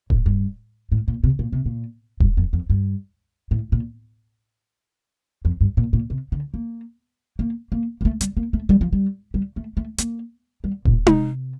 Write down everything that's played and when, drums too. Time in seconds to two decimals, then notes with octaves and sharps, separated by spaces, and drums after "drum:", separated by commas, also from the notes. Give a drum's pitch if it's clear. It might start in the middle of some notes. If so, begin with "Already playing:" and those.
0.10 A2, drum: kick D#1
0.26 G2
0.92 A2
1.08 A#2
1.24 C3
1.39 A#2
1.52 C3
1.66 A#2
2.20 G2, drum: kick D#1
2.37 F2
2.53 F2
2.70 G2
3.51 A2
3.72 A#2
5.45 F2
5.61 G2
5.77 A#2
5.93 A#2
6.10 C3
6.32 D3
6.54 A#3
7.39 A#3
7.72 A#3
8.01 A#3
8.05 A3
8.21 G3, drum: hi-hat
8.37 A#3
8.53 A3
8.69 G3
8.81 F3
8.93 G3
9.34 G3
9.56 A3
9.77 A3
9.98 A#3, drum: hi-hat
10.64 G3
10.85 A#2, drum: kick D#1
11.06 C3, drum: tom D#4